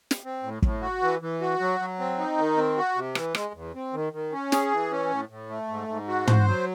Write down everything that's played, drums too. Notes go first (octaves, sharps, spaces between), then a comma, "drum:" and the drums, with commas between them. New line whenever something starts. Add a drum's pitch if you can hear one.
drum: snare
C4
A2
A2, drum: kick
F#4
E3
E3
F#4
F#3
F#3
C4
D#4
D#3
C4
F#4
C3
E3, drum: rim click
G#3, drum: rim click
E2
C4
D#3
D#3
C#4
G#4, drum: snare
E3
C#4
A2
A2
A3
G#2
G#2
F#4
C5, drum: tom
F#3